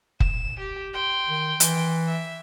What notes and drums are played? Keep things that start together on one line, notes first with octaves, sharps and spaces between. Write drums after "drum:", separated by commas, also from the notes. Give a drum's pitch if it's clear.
E7, drum: kick
G4
G5 C6
D#3
E3, drum: hi-hat
E5